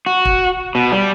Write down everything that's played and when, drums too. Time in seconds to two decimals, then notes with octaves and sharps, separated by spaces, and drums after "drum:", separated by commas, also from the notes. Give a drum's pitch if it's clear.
0.06 F#4
0.25 drum: kick
0.75 B2
0.92 G3